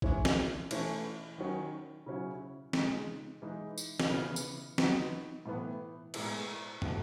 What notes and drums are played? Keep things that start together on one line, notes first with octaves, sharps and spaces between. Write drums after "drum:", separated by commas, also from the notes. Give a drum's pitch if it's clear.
E3 G#3 C#4 E4, drum: kick
drum: snare
E3 A3 C#4, drum: cymbal
D#3 F#3 C#4
C#3 F#3 C#4 E4
C#3 G#3 D#4, drum: snare
E3 G#3 D#4
drum: tambourine
drum: snare
C#3 E3 B3
drum: tambourine
F#3 B3 D#4, drum: snare
A2 E3 B3
A2 G#3 B3 E4, drum: cymbal
B2 A3 D#4, drum: tom